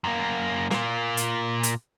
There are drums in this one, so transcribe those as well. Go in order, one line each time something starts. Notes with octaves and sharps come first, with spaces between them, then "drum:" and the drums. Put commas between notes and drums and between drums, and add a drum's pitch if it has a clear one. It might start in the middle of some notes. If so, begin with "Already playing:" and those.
F#2 A#3
A#2 A#3, drum: snare
drum: hi-hat
drum: hi-hat